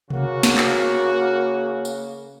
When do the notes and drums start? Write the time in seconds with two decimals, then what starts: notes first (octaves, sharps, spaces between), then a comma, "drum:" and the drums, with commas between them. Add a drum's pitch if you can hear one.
0.10 C#3 A#3 F#4, drum: tom C3
0.43 drum: snare
0.58 drum: clap
1.85 drum: tambourine